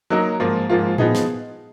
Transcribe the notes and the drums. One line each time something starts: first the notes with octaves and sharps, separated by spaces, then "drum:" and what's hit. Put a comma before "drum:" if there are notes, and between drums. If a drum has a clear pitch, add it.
F#3 A#3 D#4 A#4
G#2 F3 A#3 F4
G#2 F3 A#3 F4
F3 B3 D#4 G#4, drum: tom A2
drum: snare